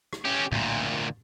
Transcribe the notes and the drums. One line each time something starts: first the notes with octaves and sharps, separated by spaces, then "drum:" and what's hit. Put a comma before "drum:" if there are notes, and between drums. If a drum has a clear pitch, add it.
drum: rim click
C#4 G4
D2 A#2, drum: tom A2